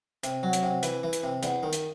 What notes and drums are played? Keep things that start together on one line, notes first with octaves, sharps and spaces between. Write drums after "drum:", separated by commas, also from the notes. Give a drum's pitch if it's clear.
C3, drum: hi-hat
F#3
drum: hi-hat
C3
E3, drum: hi-hat
E3
drum: hi-hat
C3
E2, drum: hi-hat
D#3
drum: hi-hat